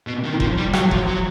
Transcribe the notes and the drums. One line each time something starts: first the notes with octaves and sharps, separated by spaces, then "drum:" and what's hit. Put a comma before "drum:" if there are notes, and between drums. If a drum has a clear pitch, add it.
B2
D#3
F3, drum: kick F1
G3
F#3, drum: rim click
F3, drum: kick F1
F#3